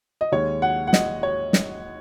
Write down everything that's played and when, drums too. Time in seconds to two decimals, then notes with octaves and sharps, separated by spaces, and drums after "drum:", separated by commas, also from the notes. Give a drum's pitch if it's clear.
0.21 D#5
0.32 D#2 D#3 G#3 C#5
0.62 F#5
0.87 F#5
0.93 D#5, drum: snare
1.23 C#5
1.53 drum: snare